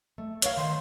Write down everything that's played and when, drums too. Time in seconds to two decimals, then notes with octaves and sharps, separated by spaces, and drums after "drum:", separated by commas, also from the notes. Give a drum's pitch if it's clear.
0.18 A3
0.42 A#4 B4 C#5 F5, drum: hi-hat
0.57 D#3 C6